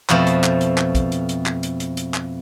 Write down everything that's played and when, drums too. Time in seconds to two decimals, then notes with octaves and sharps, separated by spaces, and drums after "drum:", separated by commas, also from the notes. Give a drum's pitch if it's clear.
0.10 F2 B2 F3 A3, drum: clap
0.27 drum: hi-hat
0.44 drum: clap
0.61 drum: hi-hat
0.78 drum: clap
0.95 drum: kick, hi-hat
1.12 drum: hi-hat
1.29 drum: hi-hat
1.46 drum: clap
1.63 drum: hi-hat
1.80 drum: hi-hat
1.97 drum: hi-hat
2.14 drum: clap